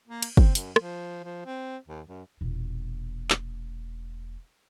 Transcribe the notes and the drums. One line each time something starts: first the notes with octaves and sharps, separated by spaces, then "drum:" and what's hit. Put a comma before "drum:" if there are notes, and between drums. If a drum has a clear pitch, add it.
A#3
drum: cymbal
C4, drum: kick
F#2, drum: hi-hat
F3, drum: rim click
F3
C4
D#2
F#2
E1 A#2
drum: clap